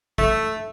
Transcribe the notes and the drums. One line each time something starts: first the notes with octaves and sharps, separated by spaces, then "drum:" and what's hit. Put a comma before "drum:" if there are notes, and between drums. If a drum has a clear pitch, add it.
A3, drum: kick